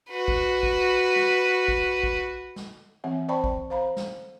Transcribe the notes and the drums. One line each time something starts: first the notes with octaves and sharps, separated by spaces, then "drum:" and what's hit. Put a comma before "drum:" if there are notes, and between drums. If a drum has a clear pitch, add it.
F#4 B4
drum: kick A1
drum: kick A1
drum: snare
drum: kick A1
drum: kick A1
drum: snare
E3 C4 E5 F#5
C5 D5 G5 A5 B5 C#6
drum: kick A1
C5 F5 A#5 B5
drum: snare